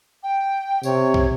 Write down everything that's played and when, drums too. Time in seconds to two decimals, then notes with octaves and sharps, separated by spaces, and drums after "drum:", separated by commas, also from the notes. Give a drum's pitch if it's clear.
0.23 G5
0.83 C3 C#5, drum: tambourine
1.14 drum: kick